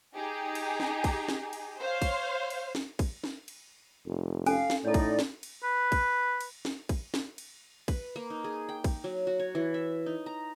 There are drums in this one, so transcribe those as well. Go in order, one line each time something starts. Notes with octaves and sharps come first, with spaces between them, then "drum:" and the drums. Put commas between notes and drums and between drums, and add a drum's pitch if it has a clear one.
D#4 G4 G#4
drum: cymbal
drum: snare
drum: kick, cymbal
drum: snare
drum: cymbal
C5 C#5 F5
drum: kick, cymbal
drum: cymbal
drum: snare
drum: kick, cymbal
drum: snare
drum: cymbal
F1
C#4 A4 F5 G#5, drum: cymbal
drum: snare
A2 D#4 A4 C#5 D5
drum: kick, cymbal
drum: snare
drum: cymbal
B4
drum: kick, cymbal
drum: cymbal
drum: snare
drum: kick, cymbal
drum: snare
drum: cymbal
B4, drum: kick, cymbal
A#3
D#4
G#4
G5
drum: kick, cymbal
F#3
F#4
C#5
E3
E5
D#4
A#5